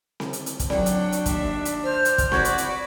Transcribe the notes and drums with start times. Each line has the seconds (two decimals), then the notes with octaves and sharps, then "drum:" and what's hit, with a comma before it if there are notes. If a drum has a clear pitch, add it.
0.20 drum: snare C4
0.33 drum: hi-hat
0.46 drum: hi-hat
0.59 drum: kick, hi-hat
0.70 F#3 D4 D5 G5, drum: snare C4
0.86 drum: hi-hat
1.12 drum: hi-hat
1.26 D#2 E5, drum: kick, hi-hat
1.65 drum: hi-hat
1.84 C5 F6
2.05 drum: hi-hat
2.18 drum: kick, hi-hat
2.32 F#4 D5 B5 C#6 G#6, drum: snare C4
2.45 drum: hi-hat
2.58 drum: hi-hat